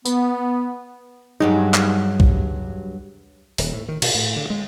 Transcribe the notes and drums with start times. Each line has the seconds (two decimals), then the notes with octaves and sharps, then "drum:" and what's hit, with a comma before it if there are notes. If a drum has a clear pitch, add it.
0.05 B3, drum: tambourine
1.40 G2 F#3 G#3 D#4
1.74 drum: clap
2.20 drum: kick
3.58 D#1, drum: open hi-hat
3.73 A2
3.88 D#3
4.02 B2, drum: cymbal
4.15 A2
4.36 D3
4.50 G#3